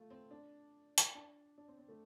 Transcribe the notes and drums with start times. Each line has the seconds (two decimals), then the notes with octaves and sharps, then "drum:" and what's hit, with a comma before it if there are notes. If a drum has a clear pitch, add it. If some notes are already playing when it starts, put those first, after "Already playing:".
Already playing: A3 F4
0.10 C4
0.31 D4
0.98 drum: hi-hat
1.15 D4
1.58 D4
1.68 C4
1.78 C4
1.88 A3